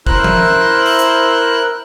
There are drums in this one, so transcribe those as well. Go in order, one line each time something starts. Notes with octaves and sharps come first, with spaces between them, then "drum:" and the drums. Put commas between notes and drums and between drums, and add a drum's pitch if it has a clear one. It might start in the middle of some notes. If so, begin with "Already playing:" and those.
E4 A#4 C5 E6 F#6, drum: kick
drum: tom F3
drum: open hi-hat
drum: hi-hat